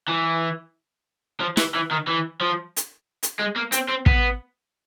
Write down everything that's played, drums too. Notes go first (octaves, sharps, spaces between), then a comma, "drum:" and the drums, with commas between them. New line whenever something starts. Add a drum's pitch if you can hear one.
E3
F3
E3, drum: snare
E3
D#3
E3
F3
drum: hi-hat
drum: hi-hat
G#3
A#3
C4, drum: hi-hat
C4
B3, drum: kick